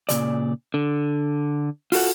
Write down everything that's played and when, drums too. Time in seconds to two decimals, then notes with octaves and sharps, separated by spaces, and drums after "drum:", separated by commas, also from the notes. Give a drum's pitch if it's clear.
0.09 A#2 C#3 D5, drum: hi-hat
0.74 D3
1.92 F4 F#4 A4 F#5, drum: open hi-hat